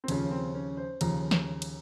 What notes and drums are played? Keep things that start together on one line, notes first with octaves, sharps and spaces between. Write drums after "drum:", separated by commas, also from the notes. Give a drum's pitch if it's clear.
C4
D#2 C#3 F3 C#4, drum: cymbal
C4
C#4
C5
D#2 C#3 F3 A#5, drum: cymbal
drum: snare
drum: cymbal